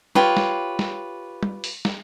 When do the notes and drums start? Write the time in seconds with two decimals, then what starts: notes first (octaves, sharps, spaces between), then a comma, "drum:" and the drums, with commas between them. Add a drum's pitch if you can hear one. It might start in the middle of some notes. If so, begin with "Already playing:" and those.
0.15 F4 G4 B4 C#5, drum: snare
0.37 drum: snare
0.79 drum: snare
1.43 drum: tom
1.64 drum: open hi-hat
1.85 drum: snare